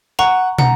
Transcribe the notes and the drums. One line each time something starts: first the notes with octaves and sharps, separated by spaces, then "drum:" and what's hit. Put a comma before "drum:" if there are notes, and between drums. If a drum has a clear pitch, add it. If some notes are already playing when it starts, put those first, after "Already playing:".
F#5 A#5 C#6
F#5 A#5, drum: tom